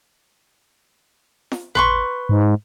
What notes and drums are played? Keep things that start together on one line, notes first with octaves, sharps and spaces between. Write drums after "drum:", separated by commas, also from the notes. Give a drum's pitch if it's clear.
drum: snare
B4 C6 C#6, drum: tom G#1
G#2